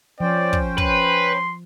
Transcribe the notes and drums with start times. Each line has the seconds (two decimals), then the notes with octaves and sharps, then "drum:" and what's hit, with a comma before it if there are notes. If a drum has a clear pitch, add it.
0.20 F3 C#4 C5 D5 G5
0.53 drum: kick
0.78 B4 C6, drum: kick